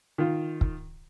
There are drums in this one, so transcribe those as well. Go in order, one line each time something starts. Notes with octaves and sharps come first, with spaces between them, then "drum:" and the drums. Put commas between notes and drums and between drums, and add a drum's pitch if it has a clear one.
D#3 F4
drum: kick